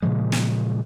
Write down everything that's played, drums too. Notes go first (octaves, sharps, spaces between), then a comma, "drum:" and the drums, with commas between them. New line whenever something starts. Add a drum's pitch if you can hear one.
A#2 C#3 F3 G#3
drum: snare